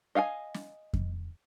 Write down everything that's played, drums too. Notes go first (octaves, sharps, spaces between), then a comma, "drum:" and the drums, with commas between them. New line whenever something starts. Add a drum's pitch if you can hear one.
D#5 F5 G5 G#5
drum: snare
drum: kick F2